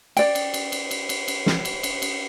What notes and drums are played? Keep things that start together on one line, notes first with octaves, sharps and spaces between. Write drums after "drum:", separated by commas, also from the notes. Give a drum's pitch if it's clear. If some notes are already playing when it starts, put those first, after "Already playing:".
D5 G5, drum: cymbal
drum: cymbal
drum: cymbal
drum: cymbal
drum: cymbal
drum: cymbal
drum: cymbal
drum: snare
drum: cymbal
drum: cymbal
drum: cymbal